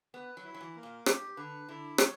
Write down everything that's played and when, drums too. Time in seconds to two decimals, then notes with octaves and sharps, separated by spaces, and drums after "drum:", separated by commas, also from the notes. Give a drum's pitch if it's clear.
0.14 B3 B4
0.37 F#3
0.44 E4
0.54 F#3
0.61 E3
0.76 A#3
0.83 A#2
1.06 G2 G4, drum: rim click
1.37 D3 B4
1.68 D3 E4
1.98 F#3 C#5, drum: rim click